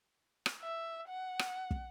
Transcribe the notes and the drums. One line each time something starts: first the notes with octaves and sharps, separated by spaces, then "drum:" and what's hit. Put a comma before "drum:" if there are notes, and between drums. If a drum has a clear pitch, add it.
drum: rim click
E5
F#5
drum: rim click
drum: kick